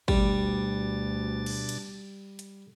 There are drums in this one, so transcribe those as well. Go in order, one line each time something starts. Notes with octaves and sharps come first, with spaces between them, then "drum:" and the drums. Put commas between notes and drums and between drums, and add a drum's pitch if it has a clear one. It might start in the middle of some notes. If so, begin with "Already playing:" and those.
D2 B2 G3 D4 A6, drum: kick G#1
drum: cymbal
drum: cymbal
drum: hi-hat